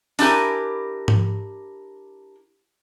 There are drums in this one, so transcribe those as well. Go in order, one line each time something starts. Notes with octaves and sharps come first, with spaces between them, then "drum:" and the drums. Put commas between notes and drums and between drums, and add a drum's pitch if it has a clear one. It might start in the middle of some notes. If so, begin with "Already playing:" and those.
D4 E4 G4 A#4 G#5, drum: open hi-hat
drum: tom G#2